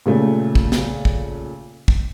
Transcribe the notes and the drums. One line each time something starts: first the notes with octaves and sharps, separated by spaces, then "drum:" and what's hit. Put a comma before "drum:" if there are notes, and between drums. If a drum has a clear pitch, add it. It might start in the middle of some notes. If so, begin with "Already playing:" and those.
A#2 C#3 A3 G4
drum: kick
drum: snare
drum: kick
drum: kick